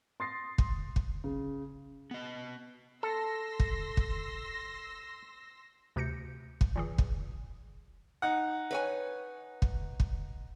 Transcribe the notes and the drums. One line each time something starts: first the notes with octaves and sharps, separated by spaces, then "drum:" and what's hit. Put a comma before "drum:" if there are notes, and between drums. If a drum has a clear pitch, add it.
C6 D#6 A6 A#6 C7
drum: kick
drum: kick
C#3
B3 D#5
A4 C6 E6 A#6
drum: kick
drum: kick
D2 C3 G6 A#6 C#7
drum: kick
A#2 E3 G#4
drum: kick
D#4 F#5
B4 C#5 G#5
drum: kick
drum: kick